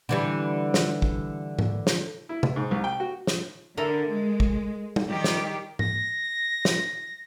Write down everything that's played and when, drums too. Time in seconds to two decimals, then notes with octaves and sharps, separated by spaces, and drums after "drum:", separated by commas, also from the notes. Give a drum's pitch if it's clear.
0.09 D3 E3 G3
0.74 drum: snare
1.02 drum: kick
1.59 drum: tom G#2
1.87 drum: snare
2.29 E4
2.43 drum: tom C3
2.56 G#2
2.71 C2
2.84 G5
3.00 F#4
3.27 drum: snare
3.77 D3 E4 A4 A#4
4.09 G#3
4.40 drum: kick
4.96 drum: tom
5.09 D#3 G3 G4
5.24 drum: snare
5.79 A#6, drum: tom G#2
6.65 drum: snare